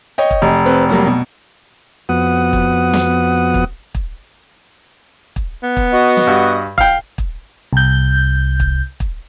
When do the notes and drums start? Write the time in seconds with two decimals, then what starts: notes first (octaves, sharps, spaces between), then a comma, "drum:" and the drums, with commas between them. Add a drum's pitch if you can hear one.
0.18 C#5 D#5 G5
0.30 drum: kick
0.42 F1
0.66 C4 B4
0.89 F#3 G3 A#3
1.07 B2
2.09 F2 B3 F#4 F#5 D#6
2.53 drum: kick
2.93 drum: snare
3.54 drum: kick
3.95 drum: kick
5.36 drum: kick
5.63 B3
5.77 drum: kick
5.93 F#4 D#5
6.17 drum: snare
6.27 G2
6.78 F5 G5, drum: kick
7.18 drum: kick
7.73 C2 G6
8.60 drum: kick
9.00 drum: kick